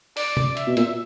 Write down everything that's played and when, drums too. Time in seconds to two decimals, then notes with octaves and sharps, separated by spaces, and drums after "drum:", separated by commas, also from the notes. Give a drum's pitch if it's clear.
0.17 D5, drum: open hi-hat
0.37 drum: tom C3
0.57 E5, drum: hi-hat
0.67 B2
0.77 A#2, drum: hi-hat